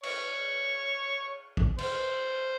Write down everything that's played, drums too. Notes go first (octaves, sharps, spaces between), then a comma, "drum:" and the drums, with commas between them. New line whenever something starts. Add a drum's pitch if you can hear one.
C#5, drum: cymbal
drum: kick
C5, drum: cymbal